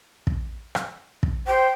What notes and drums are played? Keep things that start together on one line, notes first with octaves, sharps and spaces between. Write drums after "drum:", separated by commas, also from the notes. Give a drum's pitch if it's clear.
drum: kick
drum: rim click
drum: kick
C5 G5